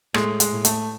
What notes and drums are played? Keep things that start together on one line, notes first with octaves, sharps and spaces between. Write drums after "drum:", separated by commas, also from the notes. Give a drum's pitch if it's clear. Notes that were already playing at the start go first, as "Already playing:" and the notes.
A2 G#3 A3, drum: rim click
G#3, drum: hi-hat
A2 A3
A3, drum: hi-hat